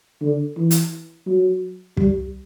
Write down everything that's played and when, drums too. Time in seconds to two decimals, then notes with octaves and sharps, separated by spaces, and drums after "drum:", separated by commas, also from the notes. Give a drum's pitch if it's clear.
0.22 D3
0.57 E3
0.71 drum: hi-hat
1.27 F#3
1.97 G3, drum: kick